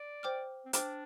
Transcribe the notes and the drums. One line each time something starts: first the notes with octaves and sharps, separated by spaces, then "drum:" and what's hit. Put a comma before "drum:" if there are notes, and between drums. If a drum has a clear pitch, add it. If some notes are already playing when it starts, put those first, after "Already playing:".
Already playing: D5
C5 G5 D6 F6
C4
D4 C5 G5 D6 F6, drum: hi-hat